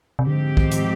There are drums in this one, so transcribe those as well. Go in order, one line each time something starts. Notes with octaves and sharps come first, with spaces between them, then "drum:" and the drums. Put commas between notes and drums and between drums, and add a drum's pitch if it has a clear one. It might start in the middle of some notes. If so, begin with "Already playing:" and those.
C3
G#2 D3 F3 C4 G4
D#3, drum: kick
drum: hi-hat